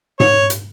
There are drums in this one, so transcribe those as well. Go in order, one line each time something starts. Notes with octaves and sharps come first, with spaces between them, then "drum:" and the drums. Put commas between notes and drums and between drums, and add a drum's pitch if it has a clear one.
C#5, drum: tom G#2
drum: hi-hat